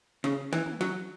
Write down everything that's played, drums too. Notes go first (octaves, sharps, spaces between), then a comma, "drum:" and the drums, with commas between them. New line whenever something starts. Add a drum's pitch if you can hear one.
C#3, drum: snare
E3, drum: snare
drum: tom
F#3, drum: snare